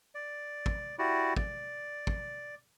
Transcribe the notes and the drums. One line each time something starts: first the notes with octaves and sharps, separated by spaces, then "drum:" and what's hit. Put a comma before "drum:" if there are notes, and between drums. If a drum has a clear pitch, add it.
D5
drum: kick
E4 F#4 G4 D5
D5, drum: kick
drum: kick